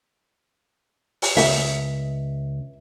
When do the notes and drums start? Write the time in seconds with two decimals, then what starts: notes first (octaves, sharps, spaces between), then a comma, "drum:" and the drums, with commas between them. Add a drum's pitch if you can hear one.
1.22 drum: open hi-hat
1.37 C#2 E5, drum: open hi-hat